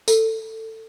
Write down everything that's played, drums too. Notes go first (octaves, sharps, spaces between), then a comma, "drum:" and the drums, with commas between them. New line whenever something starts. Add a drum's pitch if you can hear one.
A4, drum: tambourine